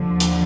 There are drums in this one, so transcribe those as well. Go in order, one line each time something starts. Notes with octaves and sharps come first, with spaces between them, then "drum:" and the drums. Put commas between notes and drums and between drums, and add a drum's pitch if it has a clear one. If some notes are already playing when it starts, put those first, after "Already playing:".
Already playing: D#2 D3 F3
drum: hi-hat